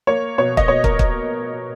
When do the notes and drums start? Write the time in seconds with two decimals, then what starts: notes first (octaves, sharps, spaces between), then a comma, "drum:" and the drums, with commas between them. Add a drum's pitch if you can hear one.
0.07 A#3 C#5
0.38 B2 C#5
0.57 D#5, drum: kick
0.68 B2 C#5
0.84 A#4, drum: kick
0.99 drum: kick